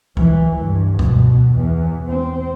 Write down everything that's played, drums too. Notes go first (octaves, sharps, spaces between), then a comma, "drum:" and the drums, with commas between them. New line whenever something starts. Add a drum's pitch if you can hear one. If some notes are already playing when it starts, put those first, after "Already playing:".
E3, drum: kick C#2
G2
B2, drum: kick C#2
E2
C4